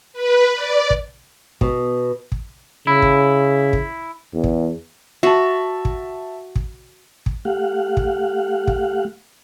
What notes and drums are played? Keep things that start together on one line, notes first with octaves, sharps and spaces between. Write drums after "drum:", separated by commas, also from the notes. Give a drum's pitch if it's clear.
B4
D5
drum: kick
B2, drum: kick
drum: kick
C#3 E4
drum: kick
drum: kick
E2
drum: kick
F#4 E5 A5
drum: kick
drum: kick
drum: kick
A3 G4 F5 F#5
drum: kick
drum: kick